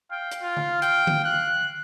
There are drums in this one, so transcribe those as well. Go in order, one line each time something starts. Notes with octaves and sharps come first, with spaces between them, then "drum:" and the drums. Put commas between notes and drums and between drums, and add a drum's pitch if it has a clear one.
F5 G5
drum: hi-hat
F4
drum: tom D3
G5, drum: hi-hat
drum: tom D3
F#6